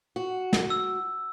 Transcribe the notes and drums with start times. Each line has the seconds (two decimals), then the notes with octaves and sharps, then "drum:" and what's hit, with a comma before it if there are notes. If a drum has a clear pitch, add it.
0.16 F#4
0.53 drum: snare
0.70 E6